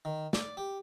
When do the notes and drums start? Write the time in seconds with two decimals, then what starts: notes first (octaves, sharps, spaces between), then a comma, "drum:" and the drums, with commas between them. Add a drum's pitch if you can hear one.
0.05 D#3
0.33 D5, drum: snare
0.57 G4